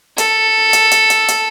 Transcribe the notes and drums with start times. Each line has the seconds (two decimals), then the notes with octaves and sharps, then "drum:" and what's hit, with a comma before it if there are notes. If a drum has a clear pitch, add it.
0.18 A4, drum: hi-hat
0.73 drum: hi-hat
0.91 drum: hi-hat
1.10 drum: hi-hat
1.28 drum: hi-hat